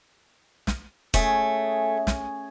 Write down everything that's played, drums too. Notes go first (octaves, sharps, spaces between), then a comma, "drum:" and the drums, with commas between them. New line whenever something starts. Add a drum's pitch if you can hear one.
drum: snare
A3 C#4 G#4, drum: kick, hi-hat
drum: snare